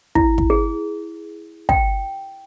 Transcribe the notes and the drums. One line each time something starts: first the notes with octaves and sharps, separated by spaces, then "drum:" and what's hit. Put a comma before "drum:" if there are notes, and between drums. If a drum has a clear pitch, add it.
E4, drum: kick
drum: kick
G#4
G5, drum: kick